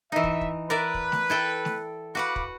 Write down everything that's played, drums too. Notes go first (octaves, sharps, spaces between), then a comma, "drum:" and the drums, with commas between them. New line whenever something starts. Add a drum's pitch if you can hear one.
E3 D#4 E5
drum: kick
drum: kick
A#4 B4 D5 E5
drum: kick
drum: snare A3
E4 A4 G5
drum: snare A3
F#4 B4 F5 F#5 B5 D6
drum: kick